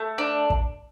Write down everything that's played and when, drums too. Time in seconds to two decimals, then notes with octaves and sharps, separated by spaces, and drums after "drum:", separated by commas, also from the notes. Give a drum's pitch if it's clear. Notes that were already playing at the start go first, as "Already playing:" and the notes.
Already playing: A3
0.18 D4
0.50 drum: kick